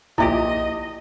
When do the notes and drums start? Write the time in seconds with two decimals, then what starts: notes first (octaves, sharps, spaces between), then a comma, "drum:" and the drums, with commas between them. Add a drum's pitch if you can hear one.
0.18 A#1 A#2 E4 G4 D#5 E5, drum: kick B1